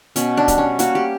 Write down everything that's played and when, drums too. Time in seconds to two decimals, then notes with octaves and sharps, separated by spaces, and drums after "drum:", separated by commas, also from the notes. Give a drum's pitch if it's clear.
0.16 B2 C#4, drum: hi-hat
0.37 D4
0.48 G3, drum: kick, hi-hat
0.58 C#4
0.79 A#3 F#4, drum: hi-hat
0.95 G4